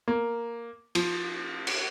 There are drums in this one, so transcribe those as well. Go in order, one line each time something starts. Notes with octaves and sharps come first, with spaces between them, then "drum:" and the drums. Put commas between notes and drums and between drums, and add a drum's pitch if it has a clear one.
A#3
F3, drum: cymbal
drum: cymbal